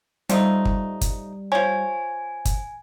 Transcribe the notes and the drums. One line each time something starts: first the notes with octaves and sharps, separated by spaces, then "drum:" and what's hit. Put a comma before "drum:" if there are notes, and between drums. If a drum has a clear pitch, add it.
F3 G3 A3 D#4, drum: hi-hat
drum: kick
drum: kick, hi-hat
F3 C#5 G#5
drum: kick, hi-hat